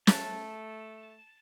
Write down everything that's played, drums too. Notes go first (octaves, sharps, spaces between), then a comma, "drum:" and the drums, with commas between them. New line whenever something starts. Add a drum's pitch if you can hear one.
A3 A5, drum: snare